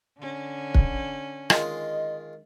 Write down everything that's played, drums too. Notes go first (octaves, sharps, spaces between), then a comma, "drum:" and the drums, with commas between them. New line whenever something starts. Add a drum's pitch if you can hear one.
D3 C#4
drum: kick
D#3 G#3 F4 D#5, drum: rim click